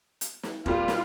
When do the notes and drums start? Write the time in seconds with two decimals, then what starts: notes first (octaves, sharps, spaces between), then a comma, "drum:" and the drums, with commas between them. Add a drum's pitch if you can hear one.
0.21 drum: hi-hat
0.43 drum: snare
0.66 A#2 G3 F4, drum: kick E1
0.88 drum: snare